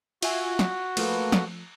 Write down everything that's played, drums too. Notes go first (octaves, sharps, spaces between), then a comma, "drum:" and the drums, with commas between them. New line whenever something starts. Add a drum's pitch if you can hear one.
F4 F#4 E5 G#5, drum: cymbal
drum: snare
F3 A3 A#3 A4 B4, drum: cymbal
drum: snare